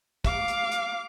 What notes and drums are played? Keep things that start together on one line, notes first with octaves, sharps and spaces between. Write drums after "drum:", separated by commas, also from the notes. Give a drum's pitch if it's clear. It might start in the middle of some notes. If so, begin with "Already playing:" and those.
F5 D6, drum: kick, hi-hat
drum: hi-hat
drum: hi-hat